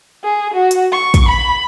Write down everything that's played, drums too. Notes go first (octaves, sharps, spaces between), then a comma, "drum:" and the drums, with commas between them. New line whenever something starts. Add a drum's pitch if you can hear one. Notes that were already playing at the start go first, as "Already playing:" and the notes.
G#4
F#4
drum: hi-hat
C#6
drum: kick, hi-hat
B5